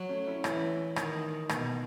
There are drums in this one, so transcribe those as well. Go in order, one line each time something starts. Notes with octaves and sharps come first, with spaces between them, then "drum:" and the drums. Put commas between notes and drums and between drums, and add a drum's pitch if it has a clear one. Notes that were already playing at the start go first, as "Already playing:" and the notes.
Already playing: F#3
A3 C#4
C#4 E4
E3 C#4 E4, drum: rim click
D#3, drum: rim click
B2 B3 D#4, drum: rim click